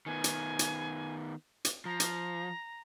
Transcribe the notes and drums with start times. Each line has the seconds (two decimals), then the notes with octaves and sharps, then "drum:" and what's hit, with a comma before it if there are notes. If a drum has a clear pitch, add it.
0.06 D#3 B3 G#5
0.24 drum: hi-hat
0.59 drum: hi-hat
1.65 drum: hi-hat
1.85 F3 A#5
2.00 drum: hi-hat